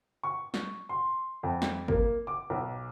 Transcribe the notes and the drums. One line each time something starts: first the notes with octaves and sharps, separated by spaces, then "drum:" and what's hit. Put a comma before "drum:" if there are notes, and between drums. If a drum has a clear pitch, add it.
C#6
drum: snare
C6
F2
drum: snare
A#3, drum: kick G1
D6
B1